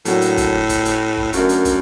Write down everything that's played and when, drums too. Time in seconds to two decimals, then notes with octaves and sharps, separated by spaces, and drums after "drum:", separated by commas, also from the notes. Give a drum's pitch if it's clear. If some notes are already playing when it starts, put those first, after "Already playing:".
0.05 A2 F#3 A#3 D4 F#4 A4, drum: hi-hat
0.21 drum: hi-hat
0.37 drum: kick, hi-hat
0.69 drum: kick, hi-hat
0.85 drum: hi-hat
1.17 drum: kick
1.33 F#2 A3 D4 F#4 A#4, drum: hi-hat
1.49 drum: hi-hat
1.65 drum: kick, hi-hat